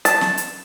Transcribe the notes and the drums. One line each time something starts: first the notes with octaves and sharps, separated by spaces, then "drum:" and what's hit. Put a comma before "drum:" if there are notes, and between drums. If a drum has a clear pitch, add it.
A5, drum: hi-hat
drum: snare
drum: hi-hat